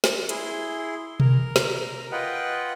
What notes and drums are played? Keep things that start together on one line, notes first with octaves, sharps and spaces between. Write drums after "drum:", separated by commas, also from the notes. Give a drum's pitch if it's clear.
drum: snare
E4 G#4 C6, drum: hi-hat
A#4, drum: tom B2
drum: snare
F4 B4 D#5 F#5 G5